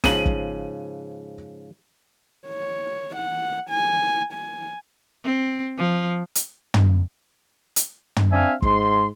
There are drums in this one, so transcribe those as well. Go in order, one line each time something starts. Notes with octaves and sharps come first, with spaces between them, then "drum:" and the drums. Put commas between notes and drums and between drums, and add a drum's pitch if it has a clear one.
G#2 C#3 F3 D#7 F#7, drum: snare
drum: kick
C#5
F#5
G#5
G#5
C4
F3
drum: hi-hat
drum: tom
drum: hi-hat
drum: tom
C4 D4 E5 F5 G#5
G#2 C6, drum: kick